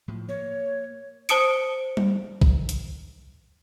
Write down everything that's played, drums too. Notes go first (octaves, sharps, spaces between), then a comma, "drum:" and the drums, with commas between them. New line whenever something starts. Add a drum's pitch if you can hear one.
A2 F3
A#3 C#5
C5 A5 D#6 C#7 D7, drum: hi-hat
drum: tom G3
drum: kick B1
drum: hi-hat